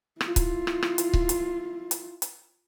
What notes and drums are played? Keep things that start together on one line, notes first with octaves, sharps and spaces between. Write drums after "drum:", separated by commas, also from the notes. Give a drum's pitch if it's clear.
E4 F4, drum: rim click
drum: kick C#1, hi-hat
drum: rim click
drum: rim click
drum: hi-hat
drum: kick C#1
drum: hi-hat
drum: hi-hat
drum: hi-hat